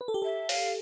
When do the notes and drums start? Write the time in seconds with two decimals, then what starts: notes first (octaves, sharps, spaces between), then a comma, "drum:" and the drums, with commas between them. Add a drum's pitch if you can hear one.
0.01 B4
0.08 A4
0.14 G4
0.22 A4 E5
0.49 F5, drum: open hi-hat